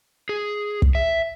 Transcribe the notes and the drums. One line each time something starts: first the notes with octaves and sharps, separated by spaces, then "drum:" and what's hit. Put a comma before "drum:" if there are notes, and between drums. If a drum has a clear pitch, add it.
G#4
drum: kick
E5